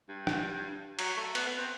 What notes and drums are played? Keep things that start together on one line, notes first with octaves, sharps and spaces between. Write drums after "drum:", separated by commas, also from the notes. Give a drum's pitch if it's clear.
G2
drum: rim click
F#3, drum: cymbal
A3
B3, drum: cymbal
B3
C4